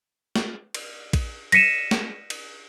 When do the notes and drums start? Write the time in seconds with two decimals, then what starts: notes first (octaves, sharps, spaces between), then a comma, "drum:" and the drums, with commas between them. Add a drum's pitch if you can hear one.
0.36 drum: snare
0.74 drum: cymbal
1.13 drum: kick, cymbal
1.52 A#6 B6 C#7 D#7 E7, drum: cymbal
1.91 drum: snare
2.30 drum: cymbal